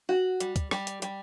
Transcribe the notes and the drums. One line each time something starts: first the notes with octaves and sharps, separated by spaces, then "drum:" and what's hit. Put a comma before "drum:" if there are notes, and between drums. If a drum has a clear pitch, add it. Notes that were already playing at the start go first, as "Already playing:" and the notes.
F#4
G3, drum: hi-hat
drum: kick, hi-hat
G3, drum: rim click
drum: hi-hat
G3, drum: hi-hat